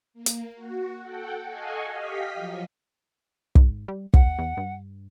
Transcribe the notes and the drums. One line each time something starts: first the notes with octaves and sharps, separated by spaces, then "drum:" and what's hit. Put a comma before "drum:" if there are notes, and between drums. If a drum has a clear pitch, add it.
A#3
drum: hi-hat
F#4
A4 F#5 G5
A4 D#5 F5 F#5 G#5 C#6
G4 D#5 F5 B6
F3 F#3
G#2, drum: kick
G3
D#2 F#5, drum: kick
E2
G2